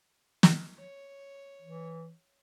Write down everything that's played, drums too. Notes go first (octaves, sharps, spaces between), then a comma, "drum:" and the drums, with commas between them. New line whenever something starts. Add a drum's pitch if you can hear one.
drum: snare
C#5
E3